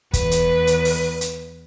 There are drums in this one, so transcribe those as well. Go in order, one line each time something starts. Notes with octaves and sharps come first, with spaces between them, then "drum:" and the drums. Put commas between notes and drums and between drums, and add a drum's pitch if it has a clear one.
E2 B4, drum: kick, hi-hat
drum: hi-hat
drum: hi-hat
drum: open hi-hat
drum: hi-hat